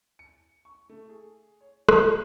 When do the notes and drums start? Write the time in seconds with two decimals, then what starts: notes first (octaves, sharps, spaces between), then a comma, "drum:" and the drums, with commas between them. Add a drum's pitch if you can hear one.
0.19 C#7
0.65 C#6
0.90 A3
1.09 G#4
1.61 C#5
1.89 G6, drum: rim click